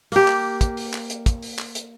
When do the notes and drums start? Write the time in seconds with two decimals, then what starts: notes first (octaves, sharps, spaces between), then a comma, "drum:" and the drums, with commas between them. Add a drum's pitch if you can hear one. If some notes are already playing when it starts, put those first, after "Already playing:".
0.12 A#3 G4, drum: open hi-hat
0.28 drum: clap
0.61 drum: kick, hi-hat
0.77 drum: open hi-hat
0.94 drum: clap
1.10 drum: hi-hat
1.26 drum: kick, hi-hat
1.43 drum: open hi-hat
1.59 drum: clap
1.75 drum: hi-hat